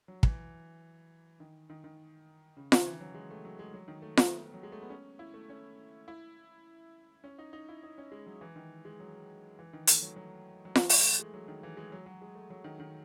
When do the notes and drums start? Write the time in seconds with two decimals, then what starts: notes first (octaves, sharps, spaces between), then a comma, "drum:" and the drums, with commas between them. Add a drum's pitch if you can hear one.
0.08 F#3
0.23 E3, drum: kick
1.40 D#3
1.70 D#3
1.84 D#3
2.57 C#3
2.72 D#3, drum: snare F4
2.87 E3
3.01 F#3
3.15 G#3
3.30 A3
3.45 F#3
3.59 G#3
3.74 F#3
3.88 D#3
4.02 A3
4.17 B3, drum: snare F4
4.54 F#3
4.63 G#3
4.72 A3
4.82 B3
4.90 C#4
5.19 E4
5.34 A3
5.50 C#4
6.08 E4
7.24 C#4
7.39 D#4
7.53 D#4
7.69 E4
7.83 D#4
7.98 C#4
8.12 G#3
8.27 F#3
8.41 E3
8.56 D#3
8.85 G#3
9.00 F#3
9.59 E3
9.73 D#3
9.87 A3, drum: hi-hat
10.02 F#3
10.16 F#3
10.65 F#3
10.75 E3, drum: snare F4
10.89 A3, drum: open hi-hat
11.04 A3
11.19 G#3
11.34 F#3
11.48 D#3
11.63 E3
11.77 G#3
11.92 F#3
12.06 F#3
12.22 G#3
12.35 A3
12.50 F#3
12.64 D#3
12.80 D#3